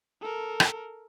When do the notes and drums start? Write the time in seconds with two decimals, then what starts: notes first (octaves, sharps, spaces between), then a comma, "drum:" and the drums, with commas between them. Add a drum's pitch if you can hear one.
0.21 A4 A#4
0.60 drum: rim click